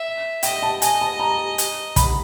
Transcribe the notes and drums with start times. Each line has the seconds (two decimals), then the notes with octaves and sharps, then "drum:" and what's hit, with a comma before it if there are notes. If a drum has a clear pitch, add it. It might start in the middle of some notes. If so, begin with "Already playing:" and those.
Already playing: E5
0.43 D#5 G5, drum: hi-hat
0.63 A5
0.82 D#5 G#5, drum: hi-hat
1.01 A5
1.20 A#5
1.58 drum: hi-hat
1.96 B5, drum: kick, hi-hat